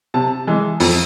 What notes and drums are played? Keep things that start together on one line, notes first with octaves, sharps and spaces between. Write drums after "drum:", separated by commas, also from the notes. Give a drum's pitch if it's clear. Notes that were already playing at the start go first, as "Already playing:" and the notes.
C3 A5
E3 G#3
F2, drum: open hi-hat